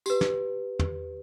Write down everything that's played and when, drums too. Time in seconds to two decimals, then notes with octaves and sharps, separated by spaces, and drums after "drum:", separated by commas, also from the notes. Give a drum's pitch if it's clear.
0.06 G4 B4, drum: tambourine
0.21 drum: snare
0.79 drum: tom